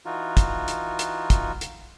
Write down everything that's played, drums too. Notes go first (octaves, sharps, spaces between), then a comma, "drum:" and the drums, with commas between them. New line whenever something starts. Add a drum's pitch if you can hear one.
E3 D#4 F4 F#4
drum: kick, hi-hat
drum: hi-hat
drum: hi-hat
drum: kick, hi-hat
drum: hi-hat